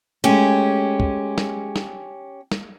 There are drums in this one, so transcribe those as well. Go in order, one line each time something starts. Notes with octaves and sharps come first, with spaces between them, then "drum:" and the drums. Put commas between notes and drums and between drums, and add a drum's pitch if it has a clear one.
G#3 A3 C#4 G4
drum: kick
drum: snare
drum: snare
drum: snare